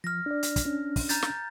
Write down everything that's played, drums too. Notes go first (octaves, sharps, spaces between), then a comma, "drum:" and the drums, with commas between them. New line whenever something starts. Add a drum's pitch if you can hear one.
F3 F6 A#6
D4 D5
drum: hi-hat
drum: kick, hi-hat
C#4 D4
drum: kick, open hi-hat
A#5 G6 A6, drum: hi-hat
drum: snare